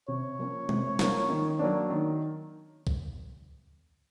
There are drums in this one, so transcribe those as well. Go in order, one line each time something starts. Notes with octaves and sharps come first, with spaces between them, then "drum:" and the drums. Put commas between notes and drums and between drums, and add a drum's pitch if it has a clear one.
C3 C#5
F3 A#3 C#4
C3, drum: tom G#3
F3 A#3 C#4, drum: snare
D#3
F#3 A#3 D4
D#3
drum: kick